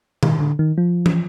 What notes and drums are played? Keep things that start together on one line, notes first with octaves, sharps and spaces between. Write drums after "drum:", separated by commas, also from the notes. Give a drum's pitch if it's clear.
D#3, drum: tom B2
D3
D#3
F3
drum: tom